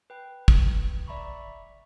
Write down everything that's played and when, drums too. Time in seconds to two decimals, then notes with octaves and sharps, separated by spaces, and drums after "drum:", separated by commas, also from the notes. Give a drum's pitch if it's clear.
0.10 B4 G5
0.48 drum: kick
1.07 D5 E5 A#5 B5 C#6